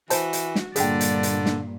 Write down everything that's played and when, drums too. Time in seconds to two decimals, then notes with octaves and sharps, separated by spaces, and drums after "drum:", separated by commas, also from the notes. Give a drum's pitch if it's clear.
0.10 E3 F#4 C5 A5, drum: hi-hat
0.33 drum: hi-hat
0.55 drum: snare
0.76 G2 A#2 D3 G#4 D5 G5 A6, drum: hi-hat
1.01 drum: hi-hat
1.23 drum: hi-hat
1.46 drum: snare